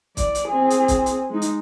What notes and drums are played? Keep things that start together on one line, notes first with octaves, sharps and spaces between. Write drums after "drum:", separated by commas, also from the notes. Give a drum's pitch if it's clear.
D5, drum: kick, hi-hat
drum: hi-hat
C4 G#4
drum: hi-hat
drum: kick, hi-hat
drum: hi-hat
G#3 D#4
drum: hi-hat